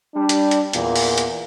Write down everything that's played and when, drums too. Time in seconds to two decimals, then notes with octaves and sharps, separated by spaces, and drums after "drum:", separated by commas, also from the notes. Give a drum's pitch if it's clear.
0.14 G3 D4
0.29 drum: hi-hat
0.51 drum: hi-hat
0.73 E2 A#2 A#3, drum: hi-hat
0.96 drum: open hi-hat
1.18 drum: hi-hat